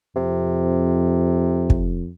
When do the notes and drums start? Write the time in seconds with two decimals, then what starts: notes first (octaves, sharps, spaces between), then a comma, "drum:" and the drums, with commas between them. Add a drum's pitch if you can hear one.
0.16 F2 C3
1.70 drum: kick